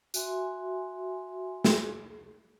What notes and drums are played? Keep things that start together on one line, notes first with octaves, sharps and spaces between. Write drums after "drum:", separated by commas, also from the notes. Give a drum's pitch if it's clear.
F#4 E5 G#5 C6, drum: tambourine
drum: snare